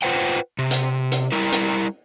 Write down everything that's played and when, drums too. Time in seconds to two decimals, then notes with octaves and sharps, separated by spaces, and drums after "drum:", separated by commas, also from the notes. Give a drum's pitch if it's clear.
0.02 F4 B4 C5 F#5 G5
0.59 C3
0.71 drum: hi-hat
1.12 drum: hi-hat
1.32 G3 E4 A#4
1.52 drum: hi-hat